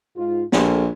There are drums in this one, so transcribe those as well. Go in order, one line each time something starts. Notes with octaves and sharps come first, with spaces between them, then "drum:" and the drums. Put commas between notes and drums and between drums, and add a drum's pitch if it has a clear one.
G#2 F4
A#1 C4 G4 A4, drum: snare